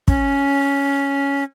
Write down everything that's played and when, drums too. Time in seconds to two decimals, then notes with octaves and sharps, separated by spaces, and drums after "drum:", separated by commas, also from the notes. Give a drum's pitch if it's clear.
0.08 C#4, drum: kick